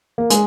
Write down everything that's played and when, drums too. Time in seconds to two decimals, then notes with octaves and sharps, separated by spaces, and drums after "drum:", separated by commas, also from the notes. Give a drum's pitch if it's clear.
0.18 A#3
0.30 G#3, drum: hi-hat